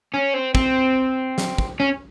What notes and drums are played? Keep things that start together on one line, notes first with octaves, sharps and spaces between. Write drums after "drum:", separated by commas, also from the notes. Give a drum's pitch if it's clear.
C#4
C4
C4, drum: kick
drum: snare
drum: kick
C#4